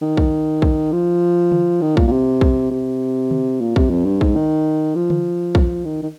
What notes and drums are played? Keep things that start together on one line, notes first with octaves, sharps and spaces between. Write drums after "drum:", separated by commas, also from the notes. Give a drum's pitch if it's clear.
D#3
drum: kick A#1
drum: kick A#1
F3
drum: tom D3
D#3
A#2, drum: kick A#1
A#2
C3
drum: kick A#1
C3
drum: tom D3
A#2
C3, drum: kick A#1
F2
G2
G#2, drum: kick A#1
D#3
F3
drum: tom D3
drum: kick A#1
D#3
D#3